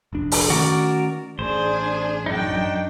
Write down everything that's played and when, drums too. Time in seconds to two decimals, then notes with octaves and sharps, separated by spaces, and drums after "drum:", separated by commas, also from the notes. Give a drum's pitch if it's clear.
0.13 F1 A#1 D4
0.32 drum: open hi-hat
0.50 D#3 A3 C#4 F#4 A#4 D5
1.39 A1 D4 G#4 C5
2.26 F#2 D4 D#4 G5